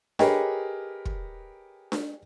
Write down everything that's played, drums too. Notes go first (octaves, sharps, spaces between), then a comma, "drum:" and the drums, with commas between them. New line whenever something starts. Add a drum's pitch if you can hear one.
G4 G#4 A#4 B4 C#5 D#5, drum: snare D4
drum: kick
drum: snare D4